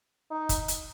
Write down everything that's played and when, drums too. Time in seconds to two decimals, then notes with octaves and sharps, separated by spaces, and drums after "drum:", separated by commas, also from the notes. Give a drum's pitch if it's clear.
0.30 D#4
0.49 drum: kick, hi-hat
0.68 drum: hi-hat